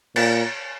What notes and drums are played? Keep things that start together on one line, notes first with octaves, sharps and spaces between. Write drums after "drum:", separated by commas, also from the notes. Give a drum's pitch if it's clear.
A#2, drum: cymbal